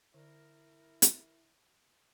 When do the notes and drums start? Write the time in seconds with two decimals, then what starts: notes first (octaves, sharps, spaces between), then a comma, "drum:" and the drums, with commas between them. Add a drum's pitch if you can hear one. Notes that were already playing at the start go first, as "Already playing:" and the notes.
0.14 D3 E4 A#4 D5
1.02 drum: hi-hat